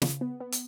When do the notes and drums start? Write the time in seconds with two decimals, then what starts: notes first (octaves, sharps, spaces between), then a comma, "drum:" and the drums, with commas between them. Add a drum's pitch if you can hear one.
0.02 C#3, drum: snare
0.21 B3
0.40 B3
0.52 drum: hi-hat